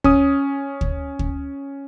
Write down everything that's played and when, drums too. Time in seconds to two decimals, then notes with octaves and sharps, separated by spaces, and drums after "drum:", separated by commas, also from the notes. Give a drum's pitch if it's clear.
0.04 C#4 D#6, drum: kick D2
0.81 drum: kick D2
1.19 drum: kick D2